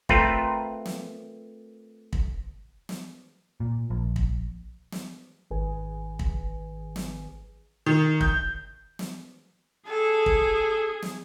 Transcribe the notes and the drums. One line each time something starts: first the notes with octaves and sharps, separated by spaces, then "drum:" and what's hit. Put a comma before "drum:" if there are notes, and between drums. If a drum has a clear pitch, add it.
A3 C4 F4 A#4 B4, drum: kick
drum: snare
drum: kick
drum: snare
A#2
A#1
drum: kick
drum: snare
G#1 D#3 G#4 B4 G#5
drum: kick
drum: snare
D#3
G6, drum: kick
drum: snare
G#4 A4
drum: kick
drum: snare